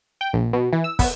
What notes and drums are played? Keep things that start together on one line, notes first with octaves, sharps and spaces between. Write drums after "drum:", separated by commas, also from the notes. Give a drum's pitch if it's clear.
G5
A#1
B2
E3
E6
B3, drum: kick, open hi-hat